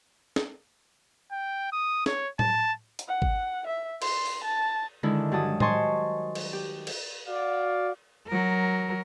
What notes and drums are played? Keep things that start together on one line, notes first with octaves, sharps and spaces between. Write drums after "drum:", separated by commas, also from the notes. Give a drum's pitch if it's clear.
drum: snare
G5
D#6
C#5, drum: snare
A5, drum: tom A2
drum: hi-hat
F#5
drum: kick G#1
E5
C6, drum: cymbal
drum: open hi-hat
A5
D3 D#3 G#3 D4 E4
G2 F#3 A5 D#6
C5 D#5 G#5 A5 C6 C#6, drum: tom A2
drum: cymbal
G4
drum: cymbal
F#4 D5 F5
F#3 A#4